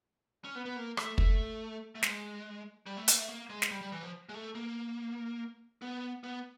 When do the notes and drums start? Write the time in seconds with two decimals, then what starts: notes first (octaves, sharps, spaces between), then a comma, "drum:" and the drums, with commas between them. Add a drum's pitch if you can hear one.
0.44 C#4
0.55 B3
0.65 B3
0.76 A#3
0.97 A3, drum: rim click
1.18 A3, drum: kick
1.95 A3
2.03 G#3, drum: snare
2.86 G3
2.97 A3
3.08 A#3, drum: hi-hat
3.18 A3
3.28 A#3
3.50 G#3
3.62 drum: snare
3.71 G3
3.81 G3
3.92 E3
4.03 F3
4.29 G#3
4.34 A3
4.55 A#3
5.82 B3
6.23 B3